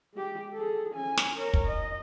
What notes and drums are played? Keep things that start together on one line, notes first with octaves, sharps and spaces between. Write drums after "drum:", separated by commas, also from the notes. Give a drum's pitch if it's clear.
G#3 G4
G#4 A4
C#4 G#5
drum: snare
A#4 C#5
drum: kick
D#5